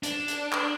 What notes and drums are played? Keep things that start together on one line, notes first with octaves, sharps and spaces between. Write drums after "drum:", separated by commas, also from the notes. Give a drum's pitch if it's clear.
D4, drum: hi-hat
drum: hi-hat
drum: clap